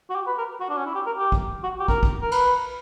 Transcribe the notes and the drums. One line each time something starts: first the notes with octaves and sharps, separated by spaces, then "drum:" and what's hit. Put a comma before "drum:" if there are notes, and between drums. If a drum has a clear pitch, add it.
F#4
G4
B4
A#4
F#4
D4
C#4
E4
G4
A#4
G4
drum: kick
F#4
G4
A#4, drum: kick
drum: kick
A#4
B4, drum: cymbal